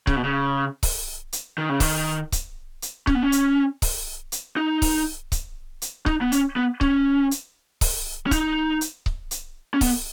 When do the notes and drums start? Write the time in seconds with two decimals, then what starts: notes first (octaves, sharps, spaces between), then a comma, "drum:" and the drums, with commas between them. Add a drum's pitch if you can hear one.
0.07 C#3, drum: kick C#1
0.16 B2
0.24 C#3
0.83 drum: kick C#1, open hi-hat
1.33 drum: hi-hat
1.58 D#3
1.69 C#3
1.80 D#3, drum: kick C#1, open hi-hat
2.32 drum: kick C#1, hi-hat
2.82 drum: hi-hat
3.07 C#4, drum: kick C#1
3.15 B3
3.23 C#4
3.32 drum: hi-hat
3.82 drum: kick C#1, open hi-hat
4.32 drum: hi-hat
4.56 D#4
4.82 drum: kick C#1, open hi-hat
5.32 drum: kick C#1, hi-hat
5.82 drum: hi-hat
6.06 D#4, drum: kick C#1
6.21 B3
6.32 C#4, drum: hi-hat
6.56 B3
6.81 C#4, drum: kick C#1
7.31 drum: hi-hat
7.81 drum: kick C#1, open hi-hat
8.26 C#4
8.31 D#4, drum: kick C#1, hi-hat
8.81 drum: hi-hat
9.06 drum: kick C#1
9.31 drum: hi-hat
9.74 C#4
9.81 B3, drum: kick C#1, open hi-hat